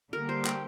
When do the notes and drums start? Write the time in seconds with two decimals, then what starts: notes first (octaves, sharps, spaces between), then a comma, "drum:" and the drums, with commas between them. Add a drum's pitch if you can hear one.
0.13 D3 G3 A#3 G4 A#4
0.29 C5
0.45 G5, drum: clap